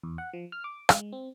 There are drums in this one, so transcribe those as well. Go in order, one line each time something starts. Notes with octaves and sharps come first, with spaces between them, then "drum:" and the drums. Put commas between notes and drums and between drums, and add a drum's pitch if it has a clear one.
E2
F#5
F3
F6
D6
G#3, drum: rim click
C4